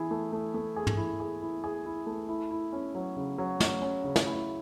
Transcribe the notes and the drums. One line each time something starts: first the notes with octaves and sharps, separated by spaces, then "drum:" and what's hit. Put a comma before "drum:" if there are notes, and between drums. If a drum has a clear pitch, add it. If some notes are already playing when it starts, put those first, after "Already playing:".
Already playing: E3 E4 G#4
A3
A3
A3
G#4
drum: tom
E4
G#4
E4
G#4
E4
A3
E4
E4
C#4
F#3
C#3
F#3
C#4, drum: snare
C#4
C#3
drum: snare
E4